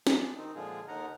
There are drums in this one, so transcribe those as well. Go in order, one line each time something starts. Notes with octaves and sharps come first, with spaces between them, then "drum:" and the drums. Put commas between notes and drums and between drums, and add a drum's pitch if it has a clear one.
G#3 D4, drum: snare
D#3 C4 D#4
A#2 D3 F3 G#3 F4 G#4
D#2 D3 D#4 A#4 F#5 A#5